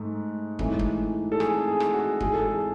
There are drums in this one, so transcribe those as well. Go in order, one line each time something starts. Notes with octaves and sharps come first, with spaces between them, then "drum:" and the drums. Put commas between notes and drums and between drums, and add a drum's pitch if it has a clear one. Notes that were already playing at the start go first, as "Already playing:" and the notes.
Already playing: G#2 A3
G#2 E3 A3, drum: kick
drum: kick
A4
G#4, drum: rim click
G#4
drum: rim click
F#4
G#2 E3 G#3 G#4, drum: kick
A4
G#4